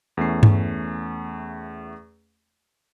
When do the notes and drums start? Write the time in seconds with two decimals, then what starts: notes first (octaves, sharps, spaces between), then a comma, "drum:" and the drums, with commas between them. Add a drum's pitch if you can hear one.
0.17 E2 A3 C#4 C7
0.43 drum: tom G2